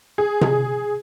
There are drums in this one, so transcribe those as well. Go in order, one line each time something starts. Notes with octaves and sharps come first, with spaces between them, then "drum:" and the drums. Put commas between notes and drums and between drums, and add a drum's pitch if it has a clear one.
G#4
drum: tom C3